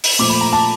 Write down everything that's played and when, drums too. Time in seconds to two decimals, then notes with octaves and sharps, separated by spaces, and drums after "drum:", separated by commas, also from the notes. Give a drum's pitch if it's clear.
0.04 drum: open hi-hat
0.19 A#2 F3 A3 D6
0.30 B5
0.41 A#5
0.53 A5